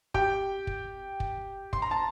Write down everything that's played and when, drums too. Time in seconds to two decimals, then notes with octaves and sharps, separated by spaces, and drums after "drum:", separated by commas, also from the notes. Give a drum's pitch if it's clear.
0.14 G4 G5, drum: kick
0.67 drum: kick
1.20 drum: kick
1.73 C6, drum: kick
1.82 A#5
1.91 A5